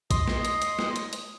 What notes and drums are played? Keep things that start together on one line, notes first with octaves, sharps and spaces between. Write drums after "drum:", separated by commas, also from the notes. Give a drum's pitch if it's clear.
D#5 C6 D#6, drum: kick A#1, hi-hat
drum: snare
drum: hi-hat
drum: hi-hat
drum: snare
drum: hi-hat
drum: hi-hat